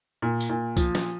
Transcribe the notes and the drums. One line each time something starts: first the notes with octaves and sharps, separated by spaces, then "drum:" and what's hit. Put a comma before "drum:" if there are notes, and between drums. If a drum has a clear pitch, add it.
A#2
drum: tambourine
A#2
F3, drum: kick, tambourine
drum: snare